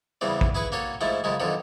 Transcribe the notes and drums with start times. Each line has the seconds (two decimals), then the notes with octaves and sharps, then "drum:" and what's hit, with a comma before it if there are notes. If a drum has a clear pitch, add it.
0.21 E2 C#3 E3 G3 C4
0.41 drum: kick
0.55 E4 G#4 B4 C#6
0.72 A#3 F#4 A4 C#5
1.01 G#2 F3 A3 E4
1.24 F#2 C#3 F3 G#3
1.40 B1 D3 D#3 F3 F#3